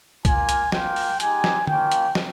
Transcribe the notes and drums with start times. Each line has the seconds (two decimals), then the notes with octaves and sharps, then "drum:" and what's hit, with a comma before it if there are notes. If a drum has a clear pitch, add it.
0.25 A#3 F4 G#5, drum: kick C2, hi-hat
0.49 drum: hi-hat
0.72 A#3 F4 G5, drum: snare
0.96 drum: open hi-hat
1.20 G#3 D#4 G4 G#5, drum: hi-hat
1.44 drum: snare
1.67 A#3 C#4 F4 G5, drum: tom D3
1.92 drum: hi-hat
2.15 drum: snare